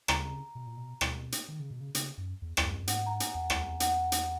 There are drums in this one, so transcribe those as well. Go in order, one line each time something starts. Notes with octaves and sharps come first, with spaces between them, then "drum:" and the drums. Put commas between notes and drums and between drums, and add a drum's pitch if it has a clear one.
C#3 A#5, drum: rim click
B2
A#2
B2
B2, drum: rim click
drum: hi-hat
D#3
C#3
B2
C#3
C#3, drum: hi-hat
F#2
E2
E2, drum: rim click
F#2
F#2
G#2 F#5, drum: hi-hat
A#5
G#5, drum: hi-hat
E2 F#5
drum: rim click
F#5, drum: hi-hat
drum: hi-hat